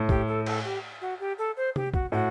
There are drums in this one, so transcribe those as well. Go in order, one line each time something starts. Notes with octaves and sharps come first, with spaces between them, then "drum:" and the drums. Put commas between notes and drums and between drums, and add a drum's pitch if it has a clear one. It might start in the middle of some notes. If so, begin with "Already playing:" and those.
Already playing: A2
G4, drum: kick
A4
A4, drum: cymbal
G4
F#4
G4
A4
C5
G4, drum: tom C3
F#4, drum: kick
A2 F#4